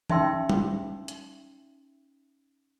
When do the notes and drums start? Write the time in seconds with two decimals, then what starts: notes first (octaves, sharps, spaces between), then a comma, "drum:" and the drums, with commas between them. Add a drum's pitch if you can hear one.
0.10 C#4 D#4 E5 G5 C6 E6, drum: tom
0.49 drum: tom G3
1.08 drum: hi-hat